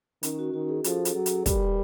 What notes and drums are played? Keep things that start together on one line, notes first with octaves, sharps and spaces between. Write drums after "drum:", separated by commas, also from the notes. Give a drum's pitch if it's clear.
D#3 C#4, drum: hi-hat
F#4
D#3 F#4
G#4
F3 A4, drum: hi-hat
drum: hi-hat
F#3
drum: hi-hat
G3 A#4, drum: kick, hi-hat
B4